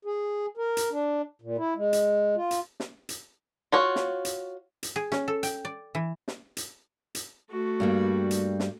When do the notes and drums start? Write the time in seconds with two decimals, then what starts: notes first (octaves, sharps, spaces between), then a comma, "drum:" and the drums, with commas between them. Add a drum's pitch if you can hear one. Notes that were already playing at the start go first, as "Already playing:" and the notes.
0.05 G#4
0.57 A#4
0.77 drum: hi-hat
0.91 D4
1.42 A#2
1.58 E4
1.76 G#3
1.93 drum: hi-hat
2.36 F4
2.51 drum: hi-hat
2.80 drum: snare
3.09 drum: hi-hat
3.72 F4 F#4 C#5
3.96 drum: snare
4.25 drum: hi-hat
4.83 drum: hi-hat
4.96 G#4
5.12 C#4, drum: snare
5.28 A4
5.43 G5, drum: hi-hat
5.65 D5
5.95 E3
6.28 drum: snare
6.57 drum: hi-hat
7.15 drum: hi-hat
7.51 A3 F#4
7.80 G2 G3 A#3
8.31 drum: hi-hat
8.60 drum: snare